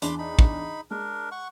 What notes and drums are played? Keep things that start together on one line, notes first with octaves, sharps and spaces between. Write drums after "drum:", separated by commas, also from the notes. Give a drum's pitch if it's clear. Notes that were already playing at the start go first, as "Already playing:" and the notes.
E2 D4 B5 C6 D6, drum: hi-hat
D#4 B5
drum: kick
G#3 D4 A#4
F#5 C#6